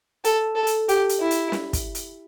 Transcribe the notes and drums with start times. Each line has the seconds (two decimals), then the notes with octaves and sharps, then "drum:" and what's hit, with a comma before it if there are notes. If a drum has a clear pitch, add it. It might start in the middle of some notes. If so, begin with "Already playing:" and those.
0.24 A4, drum: hi-hat
0.56 A4
0.67 drum: hi-hat
0.89 G4, drum: hi-hat
1.09 drum: hi-hat
1.20 E4
1.31 drum: hi-hat
1.52 drum: snare
1.73 drum: kick, hi-hat
1.95 drum: hi-hat